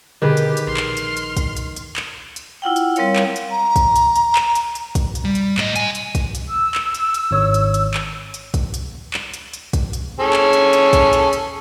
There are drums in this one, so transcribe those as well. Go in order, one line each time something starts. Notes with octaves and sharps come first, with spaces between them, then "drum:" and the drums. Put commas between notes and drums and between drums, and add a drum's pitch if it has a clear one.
B2 D3 D#3 G4 G#4 B4
drum: hi-hat
drum: hi-hat
A#1 C6 F6
drum: clap
drum: hi-hat
drum: hi-hat
drum: kick, hi-hat
drum: hi-hat
drum: hi-hat
drum: clap
drum: hi-hat
E4 F4 F#5 G5
drum: hi-hat
G3 C4 A#4 C#5 F5, drum: hi-hat
drum: clap
drum: hi-hat
A#5
drum: kick, hi-hat
drum: hi-hat
drum: hi-hat
drum: clap
drum: hi-hat
drum: hi-hat
drum: kick, hi-hat
drum: hi-hat
G3
drum: hi-hat
A2 D#5, drum: clap
D#5 G#5, drum: hi-hat
drum: hi-hat
drum: kick, hi-hat
drum: hi-hat
E6
drum: clap
drum: hi-hat
drum: hi-hat
G#1 C#5
drum: hi-hat
drum: hi-hat
drum: clap
drum: hi-hat
drum: kick, hi-hat
drum: hi-hat
drum: clap
drum: hi-hat
drum: hi-hat
drum: kick, hi-hat
drum: hi-hat
C#4 G#4 A4
drum: clap
drum: hi-hat
drum: hi-hat
drum: kick, hi-hat
drum: hi-hat
drum: hi-hat